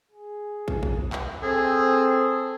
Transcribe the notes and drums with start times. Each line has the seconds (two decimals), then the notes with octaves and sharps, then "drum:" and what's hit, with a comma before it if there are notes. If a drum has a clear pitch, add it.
0.11 G#4
0.68 drum: kick
0.83 drum: kick
1.13 drum: clap
1.43 C4 G#4 A4